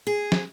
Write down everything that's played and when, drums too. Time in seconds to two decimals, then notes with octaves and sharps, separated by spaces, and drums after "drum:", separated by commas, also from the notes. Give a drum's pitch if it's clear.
0.07 G#4
0.32 drum: snare